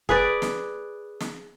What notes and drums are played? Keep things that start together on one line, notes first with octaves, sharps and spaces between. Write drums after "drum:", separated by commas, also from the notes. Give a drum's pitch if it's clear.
G#4 B4 D5, drum: kick
drum: snare
drum: snare